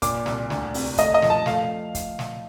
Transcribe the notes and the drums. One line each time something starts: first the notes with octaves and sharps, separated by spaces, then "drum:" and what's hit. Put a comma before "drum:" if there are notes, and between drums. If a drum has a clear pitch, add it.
A#2 D6, drum: kick, hi-hat
C2, drum: snare
D2, drum: snare
C3, drum: open hi-hat
A3 D#5, drum: kick, hi-hat
D#5
F3, drum: snare
A5
A3 F5, drum: snare
drum: kick, hi-hat
drum: snare